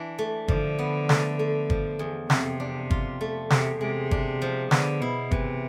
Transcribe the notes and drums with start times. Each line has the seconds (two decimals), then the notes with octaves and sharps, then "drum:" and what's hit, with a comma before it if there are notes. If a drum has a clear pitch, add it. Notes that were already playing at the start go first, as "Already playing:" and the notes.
Already playing: E3 D4
0.19 A3
0.48 D3 F3, drum: kick G1
0.79 B3
1.09 A3, drum: snare
1.39 A3
1.70 F3, drum: kick G1
1.99 E2
2.30 F2 C3, drum: snare
2.60 D4
2.91 F4, drum: kick G1
3.21 A3
3.50 E2 C3, drum: snare
3.80 C3 G#3
4.11 D4, drum: kick G1
4.42 F3
4.71 D3 B3, drum: snare
5.01 B2 E4
5.31 C3 E3, drum: kick G1